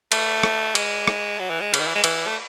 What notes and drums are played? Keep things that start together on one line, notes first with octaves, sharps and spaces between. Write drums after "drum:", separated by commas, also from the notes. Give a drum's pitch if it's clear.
A3, drum: cymbal
drum: rim click
G#3, drum: cymbal
drum: rim click
F#3
E3
G#3
C#3, drum: cymbal
D#3
E3
G#3
E3, drum: cymbal
A3